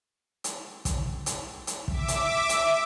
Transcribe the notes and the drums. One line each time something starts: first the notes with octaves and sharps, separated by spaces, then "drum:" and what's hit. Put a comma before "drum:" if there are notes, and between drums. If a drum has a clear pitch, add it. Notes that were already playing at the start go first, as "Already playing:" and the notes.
drum: hi-hat
drum: kick, hi-hat
drum: hi-hat
drum: hi-hat
E5 D6, drum: kick
drum: hi-hat
drum: hi-hat